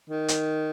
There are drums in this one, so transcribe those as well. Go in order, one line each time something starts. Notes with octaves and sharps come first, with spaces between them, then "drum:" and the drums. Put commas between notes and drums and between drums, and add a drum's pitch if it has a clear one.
D#3
drum: hi-hat